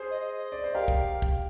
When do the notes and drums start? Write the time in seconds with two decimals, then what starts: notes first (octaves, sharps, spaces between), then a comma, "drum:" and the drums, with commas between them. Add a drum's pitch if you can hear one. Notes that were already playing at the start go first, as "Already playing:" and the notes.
Already playing: G#4 C5
0.11 D#5
0.52 D5
0.64 C5
0.75 G4 A#4 F5
0.88 drum: kick
1.22 drum: kick